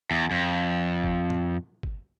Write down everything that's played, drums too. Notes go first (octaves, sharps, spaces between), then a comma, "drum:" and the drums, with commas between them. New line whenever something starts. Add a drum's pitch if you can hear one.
E2
F2
drum: kick G1
drum: tom
drum: kick G1